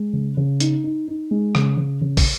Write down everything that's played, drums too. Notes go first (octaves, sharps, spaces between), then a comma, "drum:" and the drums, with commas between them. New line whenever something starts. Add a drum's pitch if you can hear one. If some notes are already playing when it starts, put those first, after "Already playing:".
Already playing: G#3
C#3
C#3
D#4, drum: hi-hat
D#4
D#4
G#3
C#3, drum: rim click
C#3
C#3
drum: kick, open hi-hat